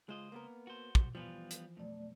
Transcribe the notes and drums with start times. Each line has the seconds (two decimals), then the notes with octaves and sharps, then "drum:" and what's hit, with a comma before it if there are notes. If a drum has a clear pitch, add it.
0.09 C#2 G#3 F4 C5 D#5
0.32 A#3 B3 A#4
0.67 F#4 C5
0.95 drum: kick
1.15 E3 F3 G3 B3 F4
1.51 drum: hi-hat
1.77 B1 F2 A3 D5